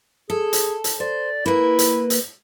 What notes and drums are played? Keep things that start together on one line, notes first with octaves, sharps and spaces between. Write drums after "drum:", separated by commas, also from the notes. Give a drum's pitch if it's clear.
G#4 A4
drum: hi-hat
drum: hi-hat
C5 D5
A#3 E4 B4
drum: hi-hat
drum: hi-hat